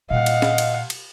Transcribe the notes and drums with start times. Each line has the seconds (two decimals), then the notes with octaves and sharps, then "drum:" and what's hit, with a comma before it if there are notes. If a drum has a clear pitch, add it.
0.10 A#2 G3 D#5 F5 F#5
0.26 drum: cymbal
0.42 drum: snare
0.58 drum: cymbal
0.90 drum: cymbal